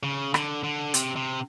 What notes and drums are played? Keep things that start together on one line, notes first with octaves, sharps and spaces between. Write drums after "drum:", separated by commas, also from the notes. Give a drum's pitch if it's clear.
C#3
D3, drum: rim click
D3
C3, drum: hi-hat
C3